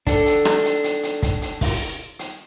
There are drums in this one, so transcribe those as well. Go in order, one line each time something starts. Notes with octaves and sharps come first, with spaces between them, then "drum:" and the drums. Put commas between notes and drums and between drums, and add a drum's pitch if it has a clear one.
D4 A4, drum: kick, hi-hat
drum: hi-hat
drum: rim click
drum: hi-hat
drum: hi-hat
drum: hi-hat
drum: kick, hi-hat
drum: hi-hat
drum: kick, open hi-hat
drum: hi-hat